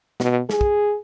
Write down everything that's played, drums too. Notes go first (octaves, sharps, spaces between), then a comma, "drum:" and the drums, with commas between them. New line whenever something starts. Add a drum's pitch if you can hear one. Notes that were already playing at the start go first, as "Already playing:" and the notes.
B2, drum: snare
G#4, drum: snare
drum: kick